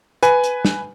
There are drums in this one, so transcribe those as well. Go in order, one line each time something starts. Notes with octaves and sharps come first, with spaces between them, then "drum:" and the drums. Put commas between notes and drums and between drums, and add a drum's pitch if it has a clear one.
B4 G#5, drum: hi-hat
drum: hi-hat
drum: snare